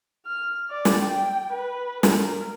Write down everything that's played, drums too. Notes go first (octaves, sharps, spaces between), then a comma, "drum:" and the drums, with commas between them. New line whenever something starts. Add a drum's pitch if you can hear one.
F6
D5
drum: snare
G5
B4
A#4, drum: snare